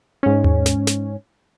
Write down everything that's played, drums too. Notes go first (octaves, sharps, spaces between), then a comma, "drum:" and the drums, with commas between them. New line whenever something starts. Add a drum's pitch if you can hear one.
G#2 C#4
drum: tom D#2
drum: snare
drum: snare